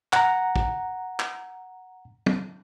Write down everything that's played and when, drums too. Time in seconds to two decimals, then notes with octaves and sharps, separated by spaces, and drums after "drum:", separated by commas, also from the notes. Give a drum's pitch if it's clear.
0.13 F#5 A#5, drum: clap
0.56 drum: kick
1.20 drum: clap
2.26 drum: tom